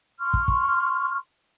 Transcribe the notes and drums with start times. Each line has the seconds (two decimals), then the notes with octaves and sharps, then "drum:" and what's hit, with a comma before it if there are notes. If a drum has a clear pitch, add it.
0.19 C6 C#6 F6
0.34 drum: kick
0.48 drum: kick